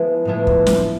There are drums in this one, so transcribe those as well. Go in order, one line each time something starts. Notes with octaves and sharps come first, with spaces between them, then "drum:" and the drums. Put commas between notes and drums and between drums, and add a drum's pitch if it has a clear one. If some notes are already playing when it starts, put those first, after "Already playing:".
Already playing: F3 G#3 B3 E4
A2 F3 G#3 B3 E4
drum: kick
drum: snare